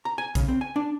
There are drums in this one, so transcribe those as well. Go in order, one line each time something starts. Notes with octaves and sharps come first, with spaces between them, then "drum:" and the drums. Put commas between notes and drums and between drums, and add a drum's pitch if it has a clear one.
A#5
G#5
C#3, drum: kick, hi-hat
C4
G#5
D4